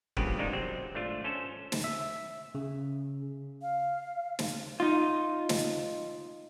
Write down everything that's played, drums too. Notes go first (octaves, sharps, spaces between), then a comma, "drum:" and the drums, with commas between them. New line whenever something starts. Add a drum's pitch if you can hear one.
G2 A#2 C#3 F3 B3 G4, drum: kick
G#1 D2 G#3 A#3 D4 D#4
C3 F#3 C4
G#1 A3 D4 F4
C#4 A4 C5
drum: snare
E5
C#3
F5
drum: snare
D#4 F4
drum: snare